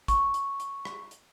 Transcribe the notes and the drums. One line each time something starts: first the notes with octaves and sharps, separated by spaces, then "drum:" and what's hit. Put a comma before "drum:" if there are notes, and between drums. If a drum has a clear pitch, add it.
C#6, drum: kick G#1, hi-hat
drum: hi-hat
drum: hi-hat
drum: rim click
drum: hi-hat